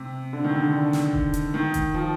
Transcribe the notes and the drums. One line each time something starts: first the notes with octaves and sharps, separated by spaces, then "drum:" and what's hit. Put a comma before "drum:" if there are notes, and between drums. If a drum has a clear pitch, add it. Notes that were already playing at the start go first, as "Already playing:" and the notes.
Already playing: C3
D3
D#3
D3
D3
drum: snare
drum: kick E1
drum: hi-hat
D#3
drum: kick E1, hi-hat
F3